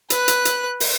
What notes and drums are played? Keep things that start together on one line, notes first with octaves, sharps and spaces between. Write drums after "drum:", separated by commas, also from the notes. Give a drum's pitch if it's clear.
B4 F#6, drum: hi-hat
drum: hi-hat
drum: hi-hat
drum: open hi-hat